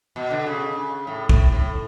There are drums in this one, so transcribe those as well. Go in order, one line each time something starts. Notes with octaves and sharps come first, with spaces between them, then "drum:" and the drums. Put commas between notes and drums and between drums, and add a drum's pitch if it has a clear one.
B2
D3
C#3
A2
A2, drum: kick
A2